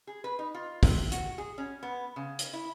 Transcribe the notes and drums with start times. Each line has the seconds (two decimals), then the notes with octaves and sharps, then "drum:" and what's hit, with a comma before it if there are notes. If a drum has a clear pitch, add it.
0.07 G#4
0.24 B4
0.39 D#4
0.54 F4
0.83 C3, drum: kick, open hi-hat
1.12 F#4, drum: hi-hat
1.38 G#4
1.58 C#4
1.83 B3
2.16 C#3
2.39 drum: hi-hat
2.53 E4